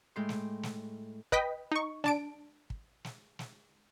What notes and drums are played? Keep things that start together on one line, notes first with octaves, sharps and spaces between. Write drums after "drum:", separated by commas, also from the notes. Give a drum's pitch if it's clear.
A2 G#3 G5 C6
drum: snare
drum: snare
B4 D#5 G5 B6, drum: kick
D#4 C#6
D4 A5 D7, drum: snare
drum: kick
drum: snare
drum: snare